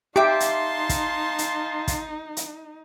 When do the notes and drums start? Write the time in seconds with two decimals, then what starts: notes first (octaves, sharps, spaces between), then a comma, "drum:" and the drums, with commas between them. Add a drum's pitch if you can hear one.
0.16 D#4 G4 E5 F5 A5 C6 D6
0.40 drum: hi-hat
0.89 drum: kick, hi-hat
1.38 drum: hi-hat
1.88 drum: kick, hi-hat
2.37 drum: hi-hat